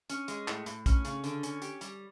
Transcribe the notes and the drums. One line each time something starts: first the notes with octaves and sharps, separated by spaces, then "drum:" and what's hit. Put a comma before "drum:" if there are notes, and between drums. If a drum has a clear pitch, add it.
C#4, drum: hi-hat
G#3, drum: hi-hat
A2, drum: clap
A2, drum: hi-hat
C#4, drum: kick, hi-hat
C#3, drum: hi-hat
D3, drum: hi-hat
C#4, drum: hi-hat
G4, drum: hi-hat
G3, drum: hi-hat